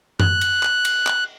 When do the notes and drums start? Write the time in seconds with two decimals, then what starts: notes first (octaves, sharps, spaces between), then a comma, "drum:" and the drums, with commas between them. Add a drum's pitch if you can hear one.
0.20 F#6, drum: tom F#2
0.41 drum: cymbal
0.63 drum: clap
0.85 drum: cymbal
1.06 drum: clap